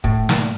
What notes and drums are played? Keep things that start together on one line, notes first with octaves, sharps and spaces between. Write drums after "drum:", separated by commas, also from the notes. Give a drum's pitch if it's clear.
A2, drum: kick
drum: snare